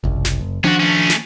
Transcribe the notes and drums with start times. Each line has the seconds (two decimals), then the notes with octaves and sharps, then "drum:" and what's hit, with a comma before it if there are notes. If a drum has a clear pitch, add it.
0.04 F#1 C2, drum: kick G1
0.25 drum: snare
0.41 F#1
0.64 D#3 F3 C#4 D4 F#4
0.80 A3 C#4
1.10 drum: snare